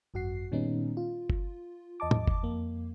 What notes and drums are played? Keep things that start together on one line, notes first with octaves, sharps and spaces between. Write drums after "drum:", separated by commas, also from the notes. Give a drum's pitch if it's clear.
G#1 F#2 F#4 F#5 C7
A#2 D#3 G3 B3 C#4 D#4
F4
drum: kick G1
E2 D#5 A5 D6
drum: tom
drum: kick G1
F2 A#3